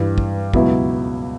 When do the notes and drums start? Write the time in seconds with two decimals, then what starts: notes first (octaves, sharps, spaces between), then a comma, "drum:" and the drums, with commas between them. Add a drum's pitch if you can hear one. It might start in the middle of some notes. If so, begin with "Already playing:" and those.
Already playing: G2 E3 G3
0.18 drum: kick
0.54 C#2 B2 F#3 B3 E4, drum: kick